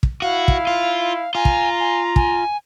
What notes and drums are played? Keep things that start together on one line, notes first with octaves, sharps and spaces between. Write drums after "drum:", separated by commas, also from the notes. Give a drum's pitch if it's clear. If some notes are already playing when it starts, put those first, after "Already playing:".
drum: kick
E4 F#4 F5
drum: kick
F4
F4 G#5 A#5
drum: kick
G#5
G#5, drum: kick